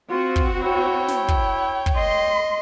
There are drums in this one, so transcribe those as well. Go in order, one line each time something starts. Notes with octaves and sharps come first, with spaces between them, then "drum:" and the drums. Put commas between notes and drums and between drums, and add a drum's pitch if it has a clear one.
C4 F4 F#4
drum: kick
E4 C#5 G5
drum: snare
drum: kick
drum: kick
D#5 C6